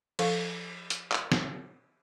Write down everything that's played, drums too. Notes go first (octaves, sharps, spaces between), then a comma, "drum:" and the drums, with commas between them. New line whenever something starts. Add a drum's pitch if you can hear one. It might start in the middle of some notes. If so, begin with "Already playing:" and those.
F3 A4 F5 C#6, drum: cymbal
drum: hi-hat
drum: clap
drum: snare